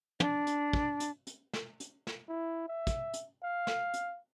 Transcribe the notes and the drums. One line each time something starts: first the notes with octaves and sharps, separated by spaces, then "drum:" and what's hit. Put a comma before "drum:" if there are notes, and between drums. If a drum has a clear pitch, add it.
D4, drum: tom
drum: hi-hat
drum: kick
drum: hi-hat
drum: hi-hat
drum: snare
drum: hi-hat
drum: snare
E4
E5
drum: kick, hi-hat
drum: hi-hat
F5
drum: snare
drum: hi-hat